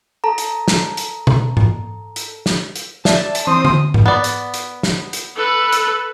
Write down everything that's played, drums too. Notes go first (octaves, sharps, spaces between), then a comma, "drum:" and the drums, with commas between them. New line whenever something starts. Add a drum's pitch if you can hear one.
A4 A5 A#5
drum: hi-hat
drum: snare
drum: hi-hat
drum: tom B2
drum: tom G#2
drum: hi-hat
drum: snare
drum: hi-hat
D5 E5 A5, drum: snare
drum: hi-hat
E3 C4 D#6
drum: tom
drum: tom G#2
B3 D5
drum: hi-hat
drum: hi-hat
drum: snare
drum: hi-hat
A4 B4
drum: hi-hat